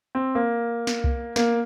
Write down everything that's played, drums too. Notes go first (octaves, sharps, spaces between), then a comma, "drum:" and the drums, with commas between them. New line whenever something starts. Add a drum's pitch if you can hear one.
C4
A#3
drum: snare
drum: kick C2
A#3, drum: snare